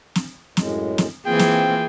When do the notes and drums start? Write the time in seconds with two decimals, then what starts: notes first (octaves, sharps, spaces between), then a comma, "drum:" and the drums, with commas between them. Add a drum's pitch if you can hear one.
0.15 drum: snare
0.57 F#2 A2 G#3, drum: snare
0.98 drum: snare
1.26 E3 A#3 C4 F4 G#4 G5
1.39 drum: snare